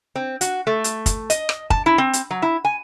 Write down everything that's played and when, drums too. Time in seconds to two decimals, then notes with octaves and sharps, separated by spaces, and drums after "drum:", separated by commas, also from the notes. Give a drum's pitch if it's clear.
0.16 C4
0.41 F#4, drum: hi-hat
0.67 A3
0.84 drum: hi-hat
1.06 drum: kick, hi-hat
1.30 D#5, drum: hi-hat
1.49 drum: rim click
1.70 A5, drum: kick
1.86 E4
1.98 C4
2.13 drum: hi-hat
2.31 F#3
2.42 E4
2.65 G#5